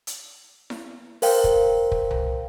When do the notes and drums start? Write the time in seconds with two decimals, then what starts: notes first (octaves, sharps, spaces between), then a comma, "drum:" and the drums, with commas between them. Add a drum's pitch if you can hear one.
0.07 drum: hi-hat
0.70 drum: snare E4
1.22 A#4 C5 F5 G5, drum: open hi-hat
1.44 drum: kick
1.92 drum: kick
2.11 drum: tom C2